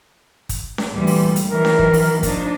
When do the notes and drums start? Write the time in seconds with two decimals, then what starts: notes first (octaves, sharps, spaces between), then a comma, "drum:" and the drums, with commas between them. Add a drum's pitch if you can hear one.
0.49 drum: kick, hi-hat
0.78 drum: snare C#4
0.91 D2 A#2 E3 G3
1.07 drum: open hi-hat
1.36 drum: hi-hat
1.50 D#3 E3 F#3 A#4
1.65 drum: snare C#4
1.79 drum: kick
1.93 drum: open hi-hat
2.23 F3 A#3 D4 D#4, drum: kick, hi-hat